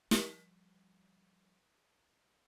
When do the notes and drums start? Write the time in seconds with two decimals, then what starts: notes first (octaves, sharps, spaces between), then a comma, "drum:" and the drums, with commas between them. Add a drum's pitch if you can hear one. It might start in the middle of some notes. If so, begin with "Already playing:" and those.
0.11 F3 G3, drum: snare